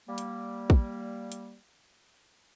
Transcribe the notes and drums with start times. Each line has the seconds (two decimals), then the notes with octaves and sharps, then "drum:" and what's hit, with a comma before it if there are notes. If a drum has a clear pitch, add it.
0.08 G3 A#3
0.18 drum: hi-hat
0.70 drum: kick
1.32 drum: hi-hat